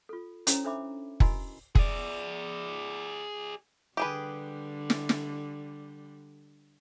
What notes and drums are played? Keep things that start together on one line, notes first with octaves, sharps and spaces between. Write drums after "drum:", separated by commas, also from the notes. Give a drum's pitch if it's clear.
F4 A4
C#4 E4 A4 C5 C#5 A#5, drum: hi-hat
D4 A4 C5 E5 B5 D6
E4 F#4 A#4 D#5 G#5 B5, drum: kick F1
G#4 D5, drum: kick F1
D3 G3 G4 G#4 B4
drum: snare
drum: snare